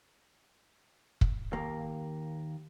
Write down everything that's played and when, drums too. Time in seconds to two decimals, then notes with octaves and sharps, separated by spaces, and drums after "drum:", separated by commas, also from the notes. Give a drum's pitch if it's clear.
1.21 drum: kick
1.53 D#2 A#3